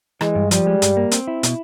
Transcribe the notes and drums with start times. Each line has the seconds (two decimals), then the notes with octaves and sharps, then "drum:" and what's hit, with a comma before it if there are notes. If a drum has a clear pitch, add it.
0.21 E3 G#3, drum: rim click
0.35 G2
0.51 F3 G3, drum: hi-hat
0.67 G#3
0.82 G2, drum: hi-hat
0.97 A#3
1.12 C4, drum: hi-hat
1.27 E4
1.43 B2, drum: hi-hat